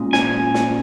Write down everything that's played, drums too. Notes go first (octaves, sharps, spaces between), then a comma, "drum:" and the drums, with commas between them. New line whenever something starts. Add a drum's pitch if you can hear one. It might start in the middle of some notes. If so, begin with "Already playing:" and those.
Already playing: A#2 G#3 C#4
G#5, drum: snare
drum: snare